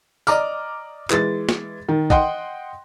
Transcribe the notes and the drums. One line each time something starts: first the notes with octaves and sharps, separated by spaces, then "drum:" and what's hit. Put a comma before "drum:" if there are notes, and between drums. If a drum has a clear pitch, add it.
D5 D#5 A#5 D6 F6, drum: tambourine
E3 G#3 A6, drum: clap
drum: snare
D#3
D#5 F#5 G5 C6, drum: kick